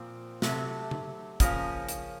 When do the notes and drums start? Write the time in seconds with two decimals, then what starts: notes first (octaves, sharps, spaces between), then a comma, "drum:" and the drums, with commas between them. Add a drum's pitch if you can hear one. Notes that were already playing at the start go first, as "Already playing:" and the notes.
Already playing: A#2 F3 C4
0.42 C3 F#3 A3, drum: snare
0.91 drum: tom
1.40 C#3 F3 A#3 C#4, drum: kick, hi-hat
1.89 drum: hi-hat